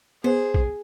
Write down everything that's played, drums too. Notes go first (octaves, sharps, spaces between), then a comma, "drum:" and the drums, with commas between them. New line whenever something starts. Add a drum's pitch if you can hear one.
B3 G#4 C5
drum: kick